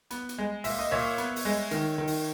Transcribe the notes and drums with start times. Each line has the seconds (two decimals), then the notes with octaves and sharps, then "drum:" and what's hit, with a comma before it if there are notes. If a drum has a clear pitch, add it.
0.11 B3, drum: hi-hat
0.29 drum: hi-hat
0.38 G#3
0.64 A#2 E5, drum: open hi-hat
0.79 D#5
0.91 A#2 C#5 E5
1.18 B3, drum: hi-hat
1.36 drum: open hi-hat
1.45 G#3
1.71 D#3, drum: hi-hat
1.98 D#3
2.07 drum: open hi-hat